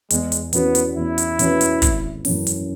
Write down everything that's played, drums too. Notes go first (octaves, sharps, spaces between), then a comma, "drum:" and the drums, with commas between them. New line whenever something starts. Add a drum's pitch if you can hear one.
E2 G#3, drum: hi-hat
drum: hi-hat
E3 B3 C#4 F#4 B4, drum: hi-hat
drum: hi-hat
E2 E4
drum: hi-hat
E3 C#4 F#4 B4, drum: hi-hat
drum: hi-hat
G#1, drum: kick, hi-hat
F#2 E3 C#4, drum: open hi-hat
drum: hi-hat